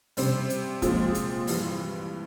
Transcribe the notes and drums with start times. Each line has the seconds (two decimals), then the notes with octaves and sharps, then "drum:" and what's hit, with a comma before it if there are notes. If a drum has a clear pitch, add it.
0.17 C3 G3 C4, drum: open hi-hat
0.50 drum: hi-hat
0.82 A#2 F3 G#3 C4, drum: kick, hi-hat
1.15 drum: hi-hat
1.47 G2 E3 G3, drum: open hi-hat